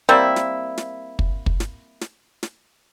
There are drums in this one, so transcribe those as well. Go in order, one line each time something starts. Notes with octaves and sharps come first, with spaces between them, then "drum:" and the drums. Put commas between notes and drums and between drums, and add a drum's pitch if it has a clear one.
G3 A#3 C4 E4
drum: snare
drum: snare
drum: kick
drum: kick
drum: snare
drum: snare
drum: snare